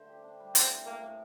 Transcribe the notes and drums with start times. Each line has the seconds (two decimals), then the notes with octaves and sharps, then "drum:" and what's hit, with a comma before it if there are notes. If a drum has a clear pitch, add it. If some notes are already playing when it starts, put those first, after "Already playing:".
Already playing: D3 A3 C5
0.09 G4
0.24 D4
0.40 G3
0.55 A2 C4, drum: hi-hat
0.70 C4
0.86 A3 A#3
1.02 A2